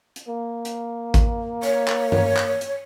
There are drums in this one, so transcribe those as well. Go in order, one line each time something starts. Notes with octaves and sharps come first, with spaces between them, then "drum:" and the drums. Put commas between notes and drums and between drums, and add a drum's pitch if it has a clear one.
drum: hi-hat
A#3
drum: hi-hat
drum: kick A1, hi-hat
C#5, drum: hi-hat
drum: clap
drum: tom G2
drum: clap
drum: hi-hat